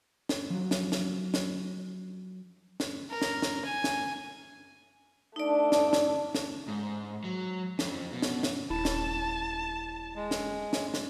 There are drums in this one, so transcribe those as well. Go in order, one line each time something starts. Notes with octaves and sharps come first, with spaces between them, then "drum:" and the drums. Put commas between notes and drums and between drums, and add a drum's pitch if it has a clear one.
drum: snare
F3 F#3
drum: snare
drum: snare
drum: snare
drum: snare
A#4
drum: snare
drum: snare
G#5
drum: snare
A3 D4 D#4 D5
drum: snare
drum: snare
drum: snare
G#2
F#3
F2, drum: snare
B2
drum: snare
drum: snare
D#1 E4 A5
drum: snare
G#3
drum: snare
drum: snare
drum: snare